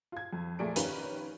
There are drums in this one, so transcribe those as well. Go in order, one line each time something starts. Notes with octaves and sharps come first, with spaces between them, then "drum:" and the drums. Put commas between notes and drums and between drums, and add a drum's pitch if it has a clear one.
F4 G#6
F2
F2 A#2 A3 G#4 D5 D7
D#3 C#4 F4 G4 A#4 B4, drum: hi-hat